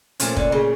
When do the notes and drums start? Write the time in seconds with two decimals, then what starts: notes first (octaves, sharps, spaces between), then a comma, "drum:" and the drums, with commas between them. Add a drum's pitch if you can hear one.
0.20 A#2 F3 A3 C#4, drum: hi-hat
0.36 D3, drum: kick
0.52 C#3